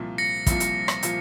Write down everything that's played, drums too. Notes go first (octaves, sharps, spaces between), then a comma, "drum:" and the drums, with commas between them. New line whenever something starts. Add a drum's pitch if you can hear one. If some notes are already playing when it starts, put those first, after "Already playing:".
Already playing: C2 A#2 F3
A#6 C#7
C2 A#2 F3, drum: kick, hi-hat
drum: hi-hat
drum: rim click
A#2 F3, drum: hi-hat